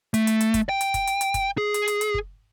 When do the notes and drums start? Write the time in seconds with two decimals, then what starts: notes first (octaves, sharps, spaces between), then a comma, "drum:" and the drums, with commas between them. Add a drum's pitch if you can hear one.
0.14 A3, drum: hi-hat
0.27 drum: hi-hat
0.41 drum: hi-hat
0.54 drum: kick, hi-hat
0.69 G5
0.81 drum: hi-hat
0.94 drum: kick, hi-hat
1.07 drum: hi-hat
1.21 drum: hi-hat
1.34 drum: kick, hi-hat
1.58 G#4
1.74 drum: hi-hat
1.88 drum: hi-hat
2.01 drum: hi-hat
2.14 drum: kick